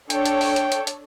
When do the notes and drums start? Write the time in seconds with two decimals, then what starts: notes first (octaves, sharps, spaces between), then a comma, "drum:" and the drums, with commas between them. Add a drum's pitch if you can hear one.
0.10 D4 A4 C#5 G5, drum: hi-hat
0.26 drum: hi-hat
0.41 drum: open hi-hat
0.56 drum: hi-hat
0.72 drum: hi-hat
0.87 drum: hi-hat